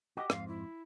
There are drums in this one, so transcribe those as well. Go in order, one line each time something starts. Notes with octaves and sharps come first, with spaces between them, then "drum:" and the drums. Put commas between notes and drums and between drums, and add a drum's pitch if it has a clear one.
F#4 G4 D#5
F2 G#2 F5, drum: rim click
E4